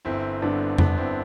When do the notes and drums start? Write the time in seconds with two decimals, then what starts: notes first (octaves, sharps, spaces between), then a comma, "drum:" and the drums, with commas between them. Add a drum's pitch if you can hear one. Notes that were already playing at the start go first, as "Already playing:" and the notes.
0.05 G1 C4 E4
0.42 G2 D3 B3 D4
0.78 G1 B3 D4, drum: tom F2
0.98 C4 E4